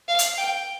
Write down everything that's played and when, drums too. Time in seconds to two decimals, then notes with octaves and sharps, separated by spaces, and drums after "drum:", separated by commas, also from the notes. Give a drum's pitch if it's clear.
0.08 F5
0.19 drum: hi-hat
0.37 G5